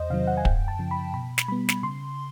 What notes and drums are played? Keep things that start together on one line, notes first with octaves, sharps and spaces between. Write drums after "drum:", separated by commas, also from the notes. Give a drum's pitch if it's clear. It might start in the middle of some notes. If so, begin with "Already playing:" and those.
Already playing: E2 C5 D#5
C3 D#3 F#3 F5
F#5
G#5
F#2 G5, drum: kick
A5
C#3 F3
B5
B2 B5
drum: snare
G3 B3 B5
drum: snare
C#3 C6